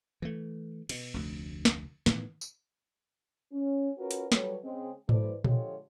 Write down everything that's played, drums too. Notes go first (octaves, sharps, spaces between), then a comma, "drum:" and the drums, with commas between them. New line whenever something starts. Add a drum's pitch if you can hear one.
E3 A3
B2, drum: cymbal
F1 D2
drum: snare
A2 D#3 E3 B3, drum: snare
drum: tambourine
C#4
C#4 F4 F#4 A#4 B4
drum: hi-hat
F#3 G3 A4 B4 C#5, drum: snare
C#3 G#3 C4
E3 F#3 A3 B4 C5 D5, drum: tom G#2
D3 F3 G#3 F4 G4 C#5, drum: tom A#2